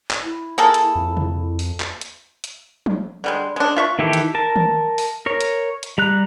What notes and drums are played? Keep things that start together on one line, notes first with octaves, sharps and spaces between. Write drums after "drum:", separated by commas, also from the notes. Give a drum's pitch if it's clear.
drum: clap
E4
A#3 G#4 A4
drum: hi-hat
F2
drum: tom C3
drum: open hi-hat
drum: clap
drum: hi-hat
drum: hi-hat
drum: tom F3
D3 G3 G#3
G#3 D4
F4 E5 C#6
D#3 E3 E4 G4 A4
drum: hi-hat
A#4 A5
drum: tom D#3
drum: open hi-hat
A#4 C#5
drum: hi-hat
drum: hi-hat
G3 A#5 F#6